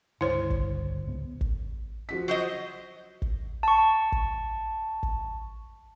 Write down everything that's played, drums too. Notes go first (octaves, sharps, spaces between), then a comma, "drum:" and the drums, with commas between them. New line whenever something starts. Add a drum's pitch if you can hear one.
C#2 G2 D3 E4 C5 C#5
drum: kick
C#2 G#2 B3
drum: kick
F3 F#4 B6
F#3 C5 D#5
drum: kick
A5 C#6
drum: kick
drum: kick